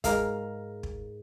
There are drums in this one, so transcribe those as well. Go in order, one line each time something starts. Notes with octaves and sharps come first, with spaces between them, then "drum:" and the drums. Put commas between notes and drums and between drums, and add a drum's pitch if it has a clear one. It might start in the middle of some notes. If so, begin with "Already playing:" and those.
G#2 A#4 F5, drum: kick, hi-hat
drum: kick